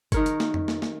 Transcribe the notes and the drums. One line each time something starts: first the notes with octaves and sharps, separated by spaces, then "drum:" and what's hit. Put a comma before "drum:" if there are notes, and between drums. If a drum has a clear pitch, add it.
D#3 A#4 C#5, drum: kick G1, hi-hat
drum: hi-hat
drum: snare
drum: tom F2
drum: snare
drum: snare